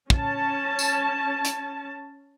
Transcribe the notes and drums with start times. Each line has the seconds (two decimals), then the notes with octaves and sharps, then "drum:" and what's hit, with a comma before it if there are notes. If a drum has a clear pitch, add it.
0.10 C#4 A5, drum: kick
0.79 drum: tambourine
1.45 drum: hi-hat